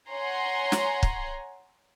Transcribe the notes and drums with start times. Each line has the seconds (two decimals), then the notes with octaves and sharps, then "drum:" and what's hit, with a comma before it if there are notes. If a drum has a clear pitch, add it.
0.11 C#5 F#5 G#5 A#5 C6
0.72 drum: snare
1.03 drum: kick